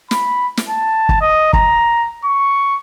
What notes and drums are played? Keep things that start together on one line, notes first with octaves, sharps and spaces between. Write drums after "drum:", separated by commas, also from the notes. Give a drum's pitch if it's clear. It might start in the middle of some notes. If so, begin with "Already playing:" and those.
B5, drum: snare
drum: snare
A5
drum: kick
D#5
A#5, drum: kick
C#6